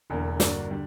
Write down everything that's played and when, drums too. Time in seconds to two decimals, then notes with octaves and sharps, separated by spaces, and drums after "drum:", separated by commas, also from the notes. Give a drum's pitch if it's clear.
0.10 E1 E2 D3 A#3
0.40 G2 D3 A#3 D4 F#4, drum: snare
0.71 D3 G3